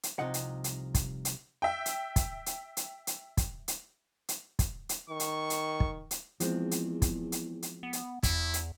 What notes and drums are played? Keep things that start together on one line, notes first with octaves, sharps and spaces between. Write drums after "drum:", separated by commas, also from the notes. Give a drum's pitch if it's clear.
drum: hi-hat
C2 C3 F3 D#4 F#5
drum: hi-hat
drum: hi-hat
drum: kick, hi-hat
drum: hi-hat
E5 G5
drum: hi-hat
drum: kick, hi-hat
drum: hi-hat
drum: hi-hat
drum: hi-hat
drum: kick, hi-hat
drum: hi-hat
drum: hi-hat
drum: kick, hi-hat
drum: hi-hat
D#3 C#6
drum: hi-hat
drum: hi-hat
drum: kick
drum: hi-hat
E2 F3 G#3 C4, drum: hi-hat
drum: hi-hat
drum: kick, hi-hat
drum: hi-hat
drum: hi-hat
B3
drum: hi-hat
E2 E4, drum: kick, hi-hat
drum: hi-hat